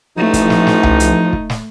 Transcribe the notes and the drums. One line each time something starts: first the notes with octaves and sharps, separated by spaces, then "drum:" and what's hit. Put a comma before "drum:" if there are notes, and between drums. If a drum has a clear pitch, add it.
A1 F3 A3 D#4
drum: kick, hi-hat
drum: snare
drum: snare
drum: tom C2
drum: hi-hat
drum: kick
drum: snare